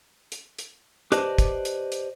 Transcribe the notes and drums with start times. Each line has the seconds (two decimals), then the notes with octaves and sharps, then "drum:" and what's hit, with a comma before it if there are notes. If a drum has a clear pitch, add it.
0.32 drum: hi-hat
0.58 drum: hi-hat
1.12 G4 B4 C5 D5 D#5 A5, drum: hi-hat
1.38 drum: kick, hi-hat
1.65 drum: hi-hat
1.92 drum: hi-hat